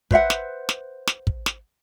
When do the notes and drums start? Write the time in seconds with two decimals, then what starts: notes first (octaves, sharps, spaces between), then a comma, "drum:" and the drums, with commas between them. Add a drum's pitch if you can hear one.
0.11 B4 C5 E5 F#5, drum: kick
0.30 drum: snare
0.69 drum: snare
1.07 drum: snare
1.27 drum: kick
1.46 drum: snare